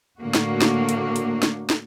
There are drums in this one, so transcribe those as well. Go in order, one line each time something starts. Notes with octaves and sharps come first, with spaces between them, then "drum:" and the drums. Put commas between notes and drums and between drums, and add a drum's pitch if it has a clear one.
A2 D3 A#3 F#4
drum: snare
drum: snare
drum: hi-hat
drum: hi-hat
drum: snare
drum: snare